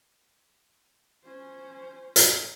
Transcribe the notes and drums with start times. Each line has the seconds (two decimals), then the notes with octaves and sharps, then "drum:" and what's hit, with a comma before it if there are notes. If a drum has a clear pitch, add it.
1.24 C#4 C5
2.16 drum: hi-hat